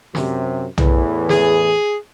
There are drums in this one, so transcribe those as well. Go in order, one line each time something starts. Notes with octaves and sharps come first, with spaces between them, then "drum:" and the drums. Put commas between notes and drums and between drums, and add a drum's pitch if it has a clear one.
F#2 C3, drum: snare
E2 A2 E3, drum: tom B1
G#4, drum: snare